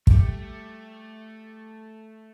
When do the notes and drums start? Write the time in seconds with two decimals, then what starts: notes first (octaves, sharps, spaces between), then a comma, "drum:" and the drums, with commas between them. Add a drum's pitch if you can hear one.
0.07 G3 A3 G4, drum: kick